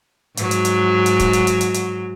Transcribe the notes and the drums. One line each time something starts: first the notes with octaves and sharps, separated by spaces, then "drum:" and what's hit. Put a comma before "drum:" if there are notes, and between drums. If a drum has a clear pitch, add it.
G#2 F#3, drum: hi-hat
drum: hi-hat
drum: hi-hat
drum: hi-hat
drum: kick, hi-hat
drum: hi-hat
drum: hi-hat
drum: hi-hat
drum: hi-hat